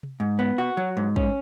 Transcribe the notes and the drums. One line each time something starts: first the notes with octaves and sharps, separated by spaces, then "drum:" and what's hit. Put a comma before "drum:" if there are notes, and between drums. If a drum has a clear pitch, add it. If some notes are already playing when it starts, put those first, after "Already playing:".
drum: tom C3
G#2
B3
F#4
F#3
G#2
C#4, drum: kick